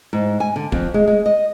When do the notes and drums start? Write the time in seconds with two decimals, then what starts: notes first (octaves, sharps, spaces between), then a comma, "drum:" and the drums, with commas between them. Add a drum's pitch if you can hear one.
0.13 G#2
0.40 G#5
0.56 D3
0.72 F2, drum: kick
0.94 G#3
1.08 G#3
1.26 D#5